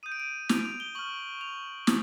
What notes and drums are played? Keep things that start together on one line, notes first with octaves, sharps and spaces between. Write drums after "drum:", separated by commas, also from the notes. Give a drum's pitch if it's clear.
D#6 G6 D#7
D7
D#7
F7, drum: snare
F7
G7
C#6 F6 F#7
F7
D#6, drum: snare